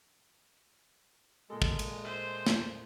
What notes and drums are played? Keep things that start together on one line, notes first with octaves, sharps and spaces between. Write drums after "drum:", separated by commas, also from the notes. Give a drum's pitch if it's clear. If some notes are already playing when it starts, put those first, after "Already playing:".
A#2 G#3 A4
drum: kick
drum: cymbal
C5 E5
drum: snare